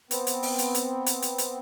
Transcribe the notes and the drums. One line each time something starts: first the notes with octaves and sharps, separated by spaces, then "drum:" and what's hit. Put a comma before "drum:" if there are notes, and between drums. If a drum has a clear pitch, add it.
B3 C4, drum: hi-hat
drum: hi-hat
drum: open hi-hat
drum: hi-hat
drum: hi-hat
drum: hi-hat
drum: hi-hat
drum: hi-hat